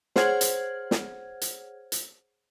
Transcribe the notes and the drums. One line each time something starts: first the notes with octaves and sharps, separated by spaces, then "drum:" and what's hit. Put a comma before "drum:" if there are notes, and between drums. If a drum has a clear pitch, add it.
G#4 C5 C#5 F#5 F6 G#6, drum: snare
drum: hi-hat
drum: snare
drum: hi-hat
drum: hi-hat